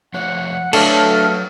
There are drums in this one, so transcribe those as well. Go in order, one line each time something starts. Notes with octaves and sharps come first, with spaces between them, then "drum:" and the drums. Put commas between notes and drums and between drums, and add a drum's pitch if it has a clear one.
F3 A3 C#5 F#5
F#3 A3 D4 A4 B4 C#5 F5 F6, drum: cymbal